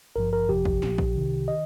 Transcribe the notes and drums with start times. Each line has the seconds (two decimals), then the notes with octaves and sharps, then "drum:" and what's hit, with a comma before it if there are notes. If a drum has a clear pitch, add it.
0.16 G#1 G2 F3 A#4
0.33 A#4
0.48 G1 F2 C3 F3 G4
0.65 drum: kick
0.82 A#1 A#2 F3, drum: snare
0.98 drum: kick
1.15 C2 C3 D#3
1.48 D#3 D#5